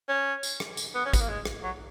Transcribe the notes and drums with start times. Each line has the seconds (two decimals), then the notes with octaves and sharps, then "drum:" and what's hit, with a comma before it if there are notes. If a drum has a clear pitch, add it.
0.09 C#4
0.43 drum: tambourine
0.60 drum: rim click
0.77 drum: tambourine
0.95 B3
1.06 C#4
1.13 B3, drum: kick, tambourine
1.21 A#3
1.29 G#3
1.45 drum: rim click
1.63 F#3